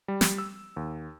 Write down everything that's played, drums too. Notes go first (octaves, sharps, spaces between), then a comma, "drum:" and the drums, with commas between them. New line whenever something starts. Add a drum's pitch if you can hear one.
G3
drum: snare
E6
D#2